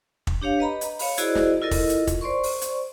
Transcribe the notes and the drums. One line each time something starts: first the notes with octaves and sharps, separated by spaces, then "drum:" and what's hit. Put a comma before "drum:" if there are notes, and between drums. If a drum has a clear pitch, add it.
drum: kick
D4 G4 C#5 F5
B4 D#5 A#5 B5
drum: hi-hat
C#5 F5 B5, drum: open hi-hat
E4 F#4 G#4 C5 D5 D#5, drum: hi-hat
drum: snare
E4 F4 A4 A#4 D#5
drum: kick, open hi-hat
drum: hi-hat
drum: kick, hi-hat
C5 D5 C6 C#6
drum: open hi-hat
drum: hi-hat